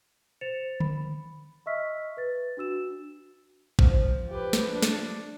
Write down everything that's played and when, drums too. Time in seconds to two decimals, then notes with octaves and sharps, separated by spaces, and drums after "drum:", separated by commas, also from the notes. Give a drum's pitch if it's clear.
0.41 C5 A6 C#7 E7 F7
0.80 B5, drum: tom D3
1.66 D#5 E5 C#6 E6 F6 B6
2.17 B4 A6
2.57 D4 F#4 E6 E7
3.79 F3, drum: kick A1
4.30 G4 B4
4.53 drum: snare
4.71 D4
4.82 drum: snare